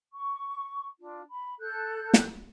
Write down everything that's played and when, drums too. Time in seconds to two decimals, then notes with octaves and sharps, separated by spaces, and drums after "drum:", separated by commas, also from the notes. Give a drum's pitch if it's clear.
0.12 C#6
0.99 D4 F4
1.30 B5
1.59 A4 F#6 G6
2.14 drum: snare